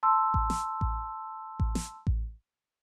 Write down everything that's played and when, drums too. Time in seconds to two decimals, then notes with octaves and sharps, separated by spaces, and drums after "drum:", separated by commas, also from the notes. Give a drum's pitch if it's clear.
0.03 A5 C6 E6
0.34 drum: kick A1
0.50 drum: snare
0.81 drum: kick A1
1.60 drum: kick A1
1.75 drum: snare
2.07 drum: kick A1